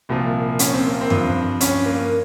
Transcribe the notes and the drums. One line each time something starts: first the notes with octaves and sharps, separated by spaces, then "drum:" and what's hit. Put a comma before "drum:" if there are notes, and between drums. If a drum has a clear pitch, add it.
C2 A#2 F3
C#4, drum: hi-hat
C4
A#3
C4
G2 F3, drum: tom F2
C#4, drum: hi-hat
A#3